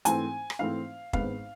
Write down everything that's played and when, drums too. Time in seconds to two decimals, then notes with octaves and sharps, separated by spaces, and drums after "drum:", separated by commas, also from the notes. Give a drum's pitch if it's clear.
0.05 G#2 E3 A3 C4 G#5, drum: hi-hat
0.50 drum: rim click
0.59 G#2 E3 A3 C4 F5
1.13 G#1 G#2 G#3 B3 F5, drum: kick